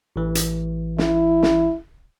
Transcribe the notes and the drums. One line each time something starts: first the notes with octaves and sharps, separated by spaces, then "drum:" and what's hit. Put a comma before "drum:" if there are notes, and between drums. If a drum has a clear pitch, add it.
A1 E3
drum: hi-hat
E4, drum: snare
drum: snare